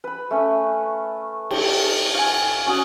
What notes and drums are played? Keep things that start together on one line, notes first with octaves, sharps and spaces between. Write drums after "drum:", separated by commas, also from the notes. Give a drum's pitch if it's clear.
B4 B5
A3 C#4
G4, drum: cymbal
F5 F#5 G#5
C#4 F#4 D#6